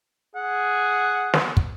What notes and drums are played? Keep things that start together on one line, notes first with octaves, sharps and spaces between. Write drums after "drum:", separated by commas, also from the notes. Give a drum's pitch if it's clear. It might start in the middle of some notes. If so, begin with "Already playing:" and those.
G#4 F#5
drum: snare
drum: kick